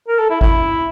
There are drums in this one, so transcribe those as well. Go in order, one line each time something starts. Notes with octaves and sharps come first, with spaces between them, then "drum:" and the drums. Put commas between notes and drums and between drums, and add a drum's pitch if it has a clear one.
A#4
A4
E4
E4, drum: kick G#1